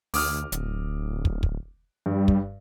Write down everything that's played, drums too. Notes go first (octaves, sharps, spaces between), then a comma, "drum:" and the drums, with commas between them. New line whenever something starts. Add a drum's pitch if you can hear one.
D2 D6 D#6 F6, drum: open hi-hat
D1, drum: hi-hat
drum: kick
drum: kick
G2 G3
drum: kick